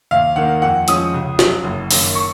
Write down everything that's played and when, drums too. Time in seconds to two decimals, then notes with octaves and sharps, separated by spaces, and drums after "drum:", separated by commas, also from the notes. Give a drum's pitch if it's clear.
0.11 D#2 F5
0.36 D#3 A#3 D#4 F#5
0.62 F2 F#5
0.88 F3 G#3 C#4 F4 D#6, drum: hi-hat
1.14 C#2
1.39 C#3 F#3, drum: snare
1.64 F#1
1.91 F#2 D#3 A#3, drum: open hi-hat
2.15 C#6